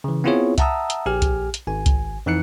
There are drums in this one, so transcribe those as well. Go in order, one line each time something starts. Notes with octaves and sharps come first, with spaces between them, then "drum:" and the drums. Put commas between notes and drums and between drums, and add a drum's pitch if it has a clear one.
C#3 E3
B3 C4 E4 F4 G#4 C#5
E5 F#5 A5 A#5 D#6 E6, drum: kick C2, hi-hat
drum: hi-hat
A#1 G4 G#5 F6
drum: kick C2, hi-hat
drum: hi-hat
G#1 G#5
drum: kick C2, hi-hat
F2 E3 D#4 F#6 C#7